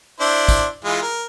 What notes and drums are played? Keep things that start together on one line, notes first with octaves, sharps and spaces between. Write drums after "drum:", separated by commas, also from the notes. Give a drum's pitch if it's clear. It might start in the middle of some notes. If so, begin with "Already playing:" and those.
D4 E4 C5
drum: kick, tambourine
E3 G#3 F4
A#4